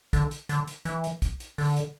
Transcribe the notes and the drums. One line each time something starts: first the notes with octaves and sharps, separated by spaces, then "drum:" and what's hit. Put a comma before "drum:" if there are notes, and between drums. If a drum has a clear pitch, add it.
D3, drum: kick, hi-hat
drum: hi-hat
D3, drum: hi-hat
drum: hi-hat
E3, drum: hi-hat
drum: hi-hat
drum: kick, hi-hat
drum: hi-hat
D3, drum: open hi-hat
drum: hi-hat